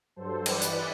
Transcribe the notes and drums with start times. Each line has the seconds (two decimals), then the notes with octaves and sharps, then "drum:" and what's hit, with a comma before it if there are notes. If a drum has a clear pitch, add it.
0.16 G2 F#3 A4 C5
0.46 G2 E3 B4 D5, drum: cymbal
0.62 drum: hi-hat